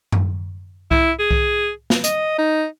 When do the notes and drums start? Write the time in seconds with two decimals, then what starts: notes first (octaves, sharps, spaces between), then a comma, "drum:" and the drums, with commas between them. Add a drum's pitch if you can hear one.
0.12 drum: tom F#2
0.91 E4, drum: kick C2
1.20 G#4
1.31 drum: kick C2
1.90 drum: snare
2.04 D#5, drum: hi-hat
2.39 D#4